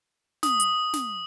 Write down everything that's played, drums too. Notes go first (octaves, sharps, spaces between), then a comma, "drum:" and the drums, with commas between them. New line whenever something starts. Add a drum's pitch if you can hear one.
D#6, drum: snare
drum: hi-hat
drum: snare